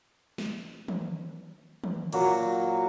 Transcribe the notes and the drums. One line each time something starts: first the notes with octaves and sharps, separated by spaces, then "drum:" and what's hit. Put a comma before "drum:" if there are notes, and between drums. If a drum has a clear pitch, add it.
drum: snare
drum: tom D#3
drum: tom D#3
A#2 F#3 F#4, drum: cymbal